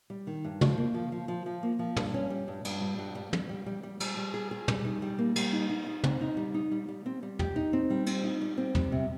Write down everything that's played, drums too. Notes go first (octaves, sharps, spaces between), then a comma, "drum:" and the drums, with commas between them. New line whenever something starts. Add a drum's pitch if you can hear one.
G3
D#3
G2
F3, drum: tom
A#3
F3
F3
F3
F3
A#3
F3
G2, drum: tom
C#4
G3
G2
G2, drum: cymbal
G3
G2
G3
G3, drum: tom
G3
G3
G3
G3, drum: cymbal
G3
G#4
G#4
G3, drum: tom
D#4
G3
A#3
G3, drum: cymbal
D#4
D#4
D#4
C4, drum: tom
D#4
G3
D#4
G3
G3
C4
G3
G4, drum: tom
D#4
C4
G3
C4, drum: cymbal
D#4
G3
C4
G3, drum: tom
C3